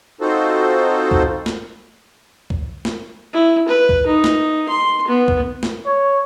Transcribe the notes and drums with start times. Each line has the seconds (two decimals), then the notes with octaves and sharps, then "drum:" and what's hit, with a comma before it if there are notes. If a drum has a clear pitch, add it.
0.21 C4 D#4 F4 F#4 A4 C5
1.11 drum: kick
1.46 drum: snare
2.50 drum: kick
2.85 drum: snare
3.33 E4
3.69 B4
3.89 drum: kick
4.07 D#4
4.24 drum: snare
4.69 C6
5.08 B3
5.28 drum: kick
5.63 drum: snare
5.86 C#5